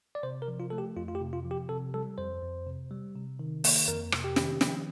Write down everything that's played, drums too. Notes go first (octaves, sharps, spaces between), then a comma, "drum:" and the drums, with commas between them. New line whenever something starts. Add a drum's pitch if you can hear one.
D5
C3 C5
A#4
F3
F4
A3 A4
G4
F2 F4
F4
G4
C3
F4
F3
G4
C3 A4
G3 A4
F2 C5
F2
C3
G3
C3
D#3
A#3, drum: open hi-hat
F2 A#4
C3, drum: rim click
G4
D#3, drum: snare
F3, drum: snare